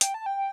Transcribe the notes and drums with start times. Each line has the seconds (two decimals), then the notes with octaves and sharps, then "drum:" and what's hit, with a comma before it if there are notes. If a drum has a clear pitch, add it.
0.01 G5, drum: hi-hat
0.14 A5
0.26 G5